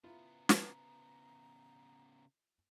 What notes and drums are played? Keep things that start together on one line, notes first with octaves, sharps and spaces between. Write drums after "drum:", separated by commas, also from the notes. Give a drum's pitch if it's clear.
C#3 B3 E4 F4 A#5
drum: snare